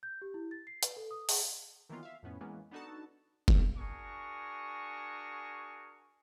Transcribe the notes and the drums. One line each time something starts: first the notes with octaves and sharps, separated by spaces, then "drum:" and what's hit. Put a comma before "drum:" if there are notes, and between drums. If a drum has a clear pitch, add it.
G6
G4
E4
A6
C7
B4, drum: hi-hat
A4
D#6
G#4, drum: open hi-hat
D#3 E3 F#3 A#3 B3 F4
E5 F5
F2 A2 B3 C#4
E3 G#3 A#3 B3 C#4
B3 D4 D#4 F#4 A4 A5
drum: kick
D4 F#4 G#4 A#4 G#5 C#6